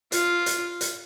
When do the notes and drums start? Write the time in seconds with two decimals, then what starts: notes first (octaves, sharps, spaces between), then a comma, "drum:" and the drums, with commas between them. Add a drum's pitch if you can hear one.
0.12 F4, drum: hi-hat
0.46 drum: hi-hat
0.81 drum: hi-hat